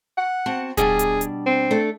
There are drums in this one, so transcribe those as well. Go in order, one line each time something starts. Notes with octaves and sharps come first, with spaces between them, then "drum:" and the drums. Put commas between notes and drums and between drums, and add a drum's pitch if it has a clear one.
F#5
C4 F#4 A5
B2 G3 D4 G#4, drum: kick D#1, hi-hat
drum: hi-hat
drum: hi-hat
C4
A3 D4 A4